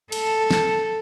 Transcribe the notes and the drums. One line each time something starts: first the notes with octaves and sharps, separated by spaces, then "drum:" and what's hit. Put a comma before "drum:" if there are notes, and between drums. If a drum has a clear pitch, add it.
A4, drum: cymbal
drum: snare